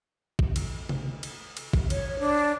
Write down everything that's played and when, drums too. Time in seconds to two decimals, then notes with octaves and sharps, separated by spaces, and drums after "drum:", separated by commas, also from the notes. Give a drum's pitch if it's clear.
0.39 drum: kick
0.56 drum: cymbal
0.89 drum: tom C3
1.23 drum: cymbal
1.57 drum: cymbal
1.73 drum: kick
1.90 C#5, drum: cymbal
2.19 D4